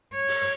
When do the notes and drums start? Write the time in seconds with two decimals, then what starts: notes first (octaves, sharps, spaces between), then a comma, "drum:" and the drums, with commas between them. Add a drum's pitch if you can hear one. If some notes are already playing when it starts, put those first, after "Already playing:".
0.13 C#5
0.28 drum: open hi-hat